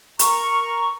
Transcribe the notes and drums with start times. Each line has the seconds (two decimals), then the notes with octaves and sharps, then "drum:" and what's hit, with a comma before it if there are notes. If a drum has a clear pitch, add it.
0.19 A#4 A#5 C#6, drum: hi-hat